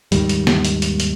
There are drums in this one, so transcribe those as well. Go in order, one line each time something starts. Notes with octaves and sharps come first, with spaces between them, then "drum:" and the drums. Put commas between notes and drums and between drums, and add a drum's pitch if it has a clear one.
D#2 G#2 D#3 G3, drum: hi-hat
drum: hi-hat
drum: snare
drum: hi-hat
drum: hi-hat
drum: hi-hat